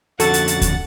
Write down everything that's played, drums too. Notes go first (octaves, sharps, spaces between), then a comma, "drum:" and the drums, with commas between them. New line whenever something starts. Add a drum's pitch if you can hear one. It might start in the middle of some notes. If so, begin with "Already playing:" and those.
F2 D3 C#4 F#4 A4 F#5 A6, drum: hi-hat
drum: hi-hat
drum: hi-hat
drum: kick D2, hi-hat